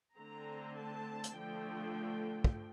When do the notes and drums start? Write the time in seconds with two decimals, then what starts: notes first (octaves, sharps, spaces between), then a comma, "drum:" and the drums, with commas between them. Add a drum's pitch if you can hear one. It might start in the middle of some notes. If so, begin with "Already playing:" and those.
0.16 D3 A3 C4 A#5
0.77 A5
1.24 drum: hi-hat
1.37 D3 F3 A3 G5
2.44 drum: kick